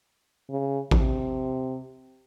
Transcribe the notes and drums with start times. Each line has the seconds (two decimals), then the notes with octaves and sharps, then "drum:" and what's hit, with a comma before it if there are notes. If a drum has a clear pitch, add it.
0.50 C#3
0.91 C3, drum: kick A1